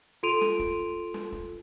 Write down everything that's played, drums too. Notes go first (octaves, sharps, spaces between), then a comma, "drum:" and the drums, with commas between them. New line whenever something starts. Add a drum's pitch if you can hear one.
F4 A4 C6 D7 D#7 F7
drum: snare
drum: kick
drum: snare
drum: kick